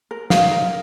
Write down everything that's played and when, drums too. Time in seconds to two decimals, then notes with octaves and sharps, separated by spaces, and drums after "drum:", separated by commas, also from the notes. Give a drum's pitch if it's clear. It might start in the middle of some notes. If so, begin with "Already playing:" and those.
0.11 A#4
0.30 D#4 F5, drum: snare
0.52 A#4